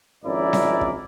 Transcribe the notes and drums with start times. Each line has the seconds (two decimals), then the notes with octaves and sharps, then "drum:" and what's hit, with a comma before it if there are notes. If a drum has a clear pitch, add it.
0.25 G#1 F2 C#4 E4 A#4 D5
0.53 drum: snare C4
0.81 drum: kick